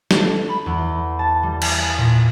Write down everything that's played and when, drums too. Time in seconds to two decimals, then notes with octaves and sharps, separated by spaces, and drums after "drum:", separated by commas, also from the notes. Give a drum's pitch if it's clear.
0.11 A4, drum: snare
0.49 B5
0.66 E2
1.19 A5
1.43 G3
1.62 G#5, drum: cymbal
1.98 A#2